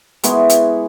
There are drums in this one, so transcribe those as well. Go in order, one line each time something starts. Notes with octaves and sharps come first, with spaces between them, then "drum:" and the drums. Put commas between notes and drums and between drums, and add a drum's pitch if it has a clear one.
G#3 B3 E4 C#6, drum: hi-hat
drum: hi-hat